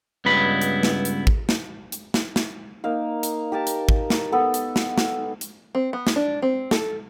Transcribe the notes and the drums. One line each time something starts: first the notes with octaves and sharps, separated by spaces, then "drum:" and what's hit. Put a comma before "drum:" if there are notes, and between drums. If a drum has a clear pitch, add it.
C#2 G2 B3 E4 B5
drum: hi-hat
drum: snare
drum: hi-hat
drum: kick
drum: snare
drum: hi-hat
drum: snare
drum: snare
A#3 D#4 F5
drum: hi-hat
G4 A#4 A5 A#5
drum: hi-hat
drum: kick
drum: snare
B3 A4 B4
drum: hi-hat
drum: snare
drum: snare
drum: hi-hat
C4
B3
drum: snare
D4
C4
A4, drum: snare